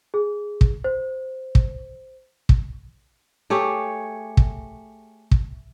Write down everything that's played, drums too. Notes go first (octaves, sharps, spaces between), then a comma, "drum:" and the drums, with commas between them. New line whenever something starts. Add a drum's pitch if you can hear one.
G#4
drum: kick
C5
drum: kick
drum: kick
A3 G4 G#4 C#5
drum: kick
drum: kick